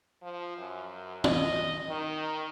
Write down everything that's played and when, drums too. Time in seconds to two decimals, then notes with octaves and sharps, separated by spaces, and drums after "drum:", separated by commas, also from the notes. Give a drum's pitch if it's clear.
0.23 F3
0.58 F#2
1.24 D#5, drum: tom
1.90 D#3